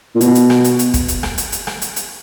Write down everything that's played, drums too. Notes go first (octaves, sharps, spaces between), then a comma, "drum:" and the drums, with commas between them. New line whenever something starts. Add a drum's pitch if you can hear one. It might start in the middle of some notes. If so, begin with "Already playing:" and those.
A#2
B2, drum: hi-hat
drum: hi-hat
drum: rim click
drum: hi-hat
drum: hi-hat
drum: kick, hi-hat
drum: hi-hat
drum: rim click
drum: hi-hat
drum: hi-hat
drum: rim click
drum: hi-hat
drum: hi-hat